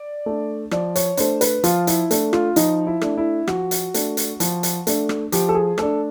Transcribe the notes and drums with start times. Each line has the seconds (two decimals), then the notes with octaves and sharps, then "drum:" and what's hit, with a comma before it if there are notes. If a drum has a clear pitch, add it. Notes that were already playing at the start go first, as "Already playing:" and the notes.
Already playing: D5
0.26 A3 D4
0.71 F3 D5, drum: rim click
0.96 C#5, drum: hi-hat
1.17 A3 D4 C5, drum: hi-hat
1.41 B4, drum: hi-hat
1.64 F3 F4, drum: hi-hat
1.87 E4, drum: hi-hat
2.11 A3 D4, drum: hi-hat
2.33 F4, drum: rim click
2.56 F3 D#4, drum: hi-hat
2.87 E4
3.01 A3 D4, drum: rim click
3.18 E4
3.47 F3 F#4, drum: rim click
3.71 drum: hi-hat
3.94 A3 D4, drum: hi-hat
4.17 drum: hi-hat
4.40 F3, drum: hi-hat
4.63 drum: hi-hat
4.87 A3 D4, drum: hi-hat
5.09 drum: rim click
5.32 F3 G4, drum: hi-hat
5.49 A4
5.55 G#4
5.78 A3 D4 A4, drum: rim click